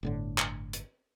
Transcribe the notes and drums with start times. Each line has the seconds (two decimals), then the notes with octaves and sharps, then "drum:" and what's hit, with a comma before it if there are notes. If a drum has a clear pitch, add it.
0.03 G1 A2 D3
0.38 drum: clap
0.73 drum: hi-hat